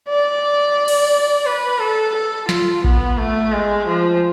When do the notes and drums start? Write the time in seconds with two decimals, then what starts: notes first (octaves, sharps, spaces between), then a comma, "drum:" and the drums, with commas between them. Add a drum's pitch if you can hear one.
0.09 D5
0.88 drum: cymbal
1.46 B4
1.80 A4
2.15 A4
2.49 F4, drum: snare
2.84 B3, drum: kick A1
3.18 A3
3.53 G#3
3.87 F3